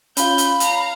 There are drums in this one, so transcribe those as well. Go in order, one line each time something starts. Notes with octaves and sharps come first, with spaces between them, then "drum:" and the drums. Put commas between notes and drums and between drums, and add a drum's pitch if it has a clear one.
C#4 F4 B5 G6, drum: hi-hat
drum: hi-hat
F5 A#5, drum: hi-hat